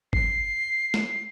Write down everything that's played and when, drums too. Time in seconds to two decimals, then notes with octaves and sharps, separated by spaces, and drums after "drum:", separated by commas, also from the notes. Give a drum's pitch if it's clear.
0.13 C7, drum: kick
0.94 drum: snare